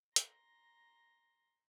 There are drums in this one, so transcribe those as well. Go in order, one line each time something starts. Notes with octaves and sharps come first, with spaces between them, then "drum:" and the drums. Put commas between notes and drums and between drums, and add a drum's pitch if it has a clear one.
A#5 C6 A#6, drum: hi-hat